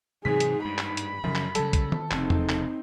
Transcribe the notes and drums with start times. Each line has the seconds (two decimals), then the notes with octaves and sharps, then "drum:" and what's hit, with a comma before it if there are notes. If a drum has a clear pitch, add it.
0.25 G#2 C3 E3 F#3 G#4 B6
0.40 drum: hi-hat
0.65 G2 B5
0.78 drum: clap
0.97 drum: hi-hat
1.24 F#2 C#3 F3
1.35 drum: clap
1.55 C#3 F#3 G3 A4, drum: hi-hat
1.73 drum: kick, hi-hat
1.92 drum: tom D#3
2.11 F1 C#3 C4 D#4, drum: clap
2.30 drum: tom E2
2.49 drum: clap